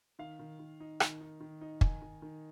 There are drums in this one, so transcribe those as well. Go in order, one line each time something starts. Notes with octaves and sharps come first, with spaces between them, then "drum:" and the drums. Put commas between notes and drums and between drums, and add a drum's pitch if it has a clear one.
D#3 F5
D#3
D#3
D#4
D#3, drum: rim click
D#4
D#3
D#4
D#3 G#5, drum: kick
D#3
D#3